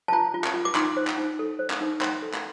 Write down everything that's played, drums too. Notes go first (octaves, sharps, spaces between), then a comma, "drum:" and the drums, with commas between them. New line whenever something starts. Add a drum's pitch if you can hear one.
A5
F4 A#5
F4
drum: clap
F4
D6
D#4 C6, drum: clap
C5
drum: clap
D#4
A4
C5
drum: clap
D#4
C5 C6, drum: clap
A4
C6, drum: clap